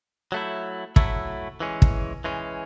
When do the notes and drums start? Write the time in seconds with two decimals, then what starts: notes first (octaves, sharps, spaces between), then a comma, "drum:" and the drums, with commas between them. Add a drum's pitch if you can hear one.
0.32 F#3 A3 E4
0.96 F#3 A3 E4, drum: kick
1.60 E3 G#3 C#4
1.82 drum: kick
2.24 E3 G#3 C#4